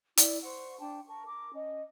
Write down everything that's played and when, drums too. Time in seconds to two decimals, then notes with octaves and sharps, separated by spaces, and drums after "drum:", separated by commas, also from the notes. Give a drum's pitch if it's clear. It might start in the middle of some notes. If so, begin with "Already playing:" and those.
0.17 E4 D5, drum: hi-hat
0.42 C5 F#5 C#6
0.78 D4 G5 A5
1.07 A#4 A5 C#6
1.26 A#4 D6
1.54 C#4 D#5